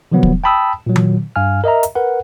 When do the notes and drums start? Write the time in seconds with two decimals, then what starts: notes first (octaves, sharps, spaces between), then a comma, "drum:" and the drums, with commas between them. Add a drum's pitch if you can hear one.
0.12 C3 D#3 F3 F#3 B3
0.23 drum: kick
0.44 G5 A5 B5 D#6 E6
0.86 A#2 F#3
0.96 drum: tom D#3
1.36 G2 F5 G#5 F6
1.64 A#4 D#5 E5 A#5
1.83 drum: hi-hat
1.95 A#4 B4 F#5